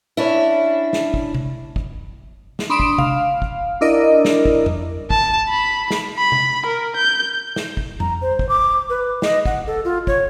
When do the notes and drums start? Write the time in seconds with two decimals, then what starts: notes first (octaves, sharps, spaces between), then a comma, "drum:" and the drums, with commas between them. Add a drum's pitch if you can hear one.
0.17 C#4 D4 E4
0.93 drum: snare
1.14 drum: kick
1.35 drum: tom C3
1.76 drum: kick
2.59 drum: snare
2.70 D4 B5 C6 D#6 D7 E7
2.80 drum: kick
2.98 F5, drum: tom C3
3.42 drum: kick
3.81 D4 E4 A#4 D5 D#5
4.25 drum: snare
4.45 drum: kick
4.66 drum: tom F2
5.10 A5, drum: kick
5.49 B5
5.91 drum: snare
6.17 B5
6.32 drum: tom C3
6.66 A#4
6.97 G6
7.56 drum: snare
7.77 drum: kick
8.00 A#5, drum: tom F2
8.22 C5
8.39 drum: kick
8.49 D6
8.89 B4
9.22 D#5, drum: snare
9.45 F#5, drum: kick
9.67 A4
9.85 F4
10.07 C#5, drum: kick